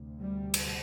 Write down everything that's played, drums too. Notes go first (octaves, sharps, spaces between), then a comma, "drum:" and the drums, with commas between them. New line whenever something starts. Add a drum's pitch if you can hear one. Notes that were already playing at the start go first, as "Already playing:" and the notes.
Already playing: D2 C3
G3
drum: cymbal